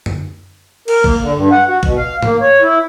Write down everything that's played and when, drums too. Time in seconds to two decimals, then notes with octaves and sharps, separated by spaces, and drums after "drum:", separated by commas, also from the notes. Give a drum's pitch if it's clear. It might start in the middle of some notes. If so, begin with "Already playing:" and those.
0.06 drum: tom F#2
0.88 A#4, drum: cymbal
1.04 A#3, drum: kick
1.21 D3
1.35 G2
1.51 F#5
1.68 F#4
1.83 B2, drum: kick
1.98 F5
2.22 A#3, drum: tom G#2
2.41 C#5
2.62 E4